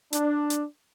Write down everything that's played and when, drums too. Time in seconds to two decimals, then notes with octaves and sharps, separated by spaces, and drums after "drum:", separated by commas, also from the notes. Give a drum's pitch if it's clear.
0.13 D4, drum: hi-hat
0.50 drum: hi-hat